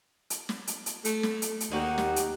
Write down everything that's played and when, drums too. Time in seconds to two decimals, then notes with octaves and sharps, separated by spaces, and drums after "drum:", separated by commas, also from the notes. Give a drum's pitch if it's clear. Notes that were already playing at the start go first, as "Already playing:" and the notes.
0.30 drum: hi-hat
0.49 drum: snare
0.67 drum: hi-hat
0.86 drum: hi-hat
1.05 A3, drum: hi-hat
1.23 drum: snare
1.42 drum: hi-hat
1.60 drum: hi-hat
1.71 D#2 D#4 F#4 G4
1.98 drum: snare
2.16 drum: hi-hat